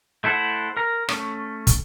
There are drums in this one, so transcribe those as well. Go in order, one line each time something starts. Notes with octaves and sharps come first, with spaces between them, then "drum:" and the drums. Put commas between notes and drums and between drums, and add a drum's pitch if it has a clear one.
A3 E4 A4 C5 F#5
A#4 A#5
A3 C#4, drum: rim click
drum: kick, hi-hat